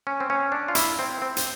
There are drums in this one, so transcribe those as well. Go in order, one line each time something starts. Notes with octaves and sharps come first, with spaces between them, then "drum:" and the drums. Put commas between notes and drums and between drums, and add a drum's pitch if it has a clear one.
C#4
C4
C#4
D4
F4
E4, drum: hi-hat
C4
C4
drum: hi-hat